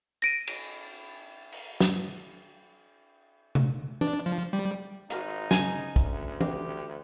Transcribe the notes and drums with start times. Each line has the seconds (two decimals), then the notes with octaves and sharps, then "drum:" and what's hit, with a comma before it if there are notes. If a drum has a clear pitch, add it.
0.22 A#6 D7 D#7
0.47 drum: cymbal
1.52 drum: open hi-hat
1.80 drum: snare
3.55 drum: tom C3
4.01 D4, drum: tom E3
4.26 F3
4.53 G3
5.10 G#1 D#4 F#4 A#4 F5, drum: hi-hat
5.51 C#3 C4 C#4 C5 G#5, drum: snare
5.96 D2, drum: kick
6.41 D4 G4 A#4 F5, drum: tom E3